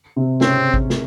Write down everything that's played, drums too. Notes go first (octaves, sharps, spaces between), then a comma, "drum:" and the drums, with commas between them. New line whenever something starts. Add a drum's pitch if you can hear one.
C3 C4
C#3 C4 C#4, drum: snare
drum: kick G#1
drum: snare